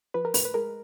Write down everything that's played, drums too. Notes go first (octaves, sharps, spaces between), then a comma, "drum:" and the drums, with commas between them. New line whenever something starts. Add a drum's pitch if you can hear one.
F3 B4
A#4
A2 B4, drum: open hi-hat
B4
G#3 A#4